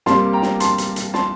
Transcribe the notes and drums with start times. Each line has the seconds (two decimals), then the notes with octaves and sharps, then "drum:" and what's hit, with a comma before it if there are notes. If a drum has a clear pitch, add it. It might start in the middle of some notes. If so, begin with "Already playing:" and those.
0.06 C3 G3 A#3 A5 C6, drum: snare
0.33 G5 A#5
0.42 drum: snare
0.60 A5 C6, drum: hi-hat
0.78 drum: hi-hat
0.96 drum: hi-hat
1.14 A5 C6, drum: snare